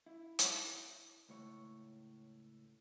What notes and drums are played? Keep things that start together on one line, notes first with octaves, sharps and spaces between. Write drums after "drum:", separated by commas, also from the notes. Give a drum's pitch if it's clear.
E4
drum: hi-hat
C#2 A2 C#5